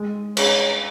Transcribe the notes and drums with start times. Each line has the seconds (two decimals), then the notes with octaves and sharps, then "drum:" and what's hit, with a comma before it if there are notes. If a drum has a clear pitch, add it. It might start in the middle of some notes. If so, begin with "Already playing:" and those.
Already playing: G#3
0.37 C#4 G#4 B4 C#5, drum: cymbal